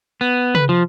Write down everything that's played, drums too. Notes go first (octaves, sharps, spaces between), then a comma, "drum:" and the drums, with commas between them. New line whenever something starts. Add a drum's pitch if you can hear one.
B3
B4, drum: tom
F3